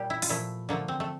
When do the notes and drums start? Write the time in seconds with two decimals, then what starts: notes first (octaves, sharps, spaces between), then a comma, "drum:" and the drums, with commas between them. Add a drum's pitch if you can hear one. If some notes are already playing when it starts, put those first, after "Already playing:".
Already playing: A#2 G3 G4
0.10 E4
0.22 F4, drum: open hi-hat
0.29 A#2 F3 A3 E4
0.69 D3 F3 A3 A#3
0.88 C4
1.00 A3